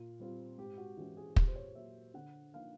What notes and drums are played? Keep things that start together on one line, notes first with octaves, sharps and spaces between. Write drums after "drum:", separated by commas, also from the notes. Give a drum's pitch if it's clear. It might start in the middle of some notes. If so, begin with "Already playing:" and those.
Already playing: A#2
G3 C4 F4
G#2 G4
F#4
E3 G#3 C#4 E4 G4
G#4
A#2 G4, drum: kick
C5
C#5
F#3 A#3 E5
D3 F#5
F3 A#3 D#4 F5